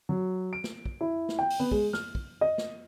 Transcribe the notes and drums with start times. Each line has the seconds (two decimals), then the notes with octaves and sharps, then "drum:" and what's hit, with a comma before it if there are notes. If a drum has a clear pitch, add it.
0.09 F#3
0.53 D7
0.64 drum: snare
0.86 drum: kick
1.01 E4
1.29 drum: snare
1.39 G5
1.50 drum: open hi-hat
1.60 B3
1.71 G#3, drum: kick
1.93 F6, drum: snare
2.15 drum: kick
2.41 D#5
2.58 drum: snare